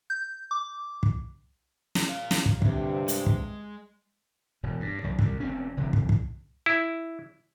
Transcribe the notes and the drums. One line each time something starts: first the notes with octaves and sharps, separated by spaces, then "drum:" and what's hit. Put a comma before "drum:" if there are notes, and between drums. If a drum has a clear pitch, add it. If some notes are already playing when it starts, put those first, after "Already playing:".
G6
D6
drum: kick
drum: snare
A#2 F5
drum: snare
drum: kick
D2 G2 C3, drum: kick
G#3, drum: hi-hat
drum: kick
E1 B2
G2
C2 F#2 D#3
C3 D#3 G3, drum: kick
F1 C4 C#4
F#1 C3 E3
drum: kick
drum: kick
E4